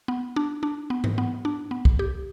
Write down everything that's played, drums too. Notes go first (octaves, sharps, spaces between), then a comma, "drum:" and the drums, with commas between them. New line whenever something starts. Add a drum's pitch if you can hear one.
B3
D4
D4
B3
drum: tom G#2
B3
D4
B3
drum: kick
G4